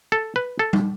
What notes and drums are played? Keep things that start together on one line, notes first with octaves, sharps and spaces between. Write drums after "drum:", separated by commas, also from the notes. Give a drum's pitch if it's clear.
A4
B4
A4
drum: tom G3